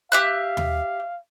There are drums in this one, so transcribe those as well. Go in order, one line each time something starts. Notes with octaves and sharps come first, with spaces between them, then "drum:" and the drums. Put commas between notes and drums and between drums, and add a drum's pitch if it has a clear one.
G4 E5 F5 F#6
drum: tom D#2